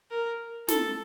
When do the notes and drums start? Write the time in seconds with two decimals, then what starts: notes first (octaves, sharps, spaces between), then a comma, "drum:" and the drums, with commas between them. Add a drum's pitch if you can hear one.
0.11 A#4
0.68 A4, drum: snare